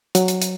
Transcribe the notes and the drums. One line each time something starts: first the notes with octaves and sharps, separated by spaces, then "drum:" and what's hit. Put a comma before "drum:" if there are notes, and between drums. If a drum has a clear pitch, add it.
F#3, drum: hi-hat
drum: hi-hat
drum: hi-hat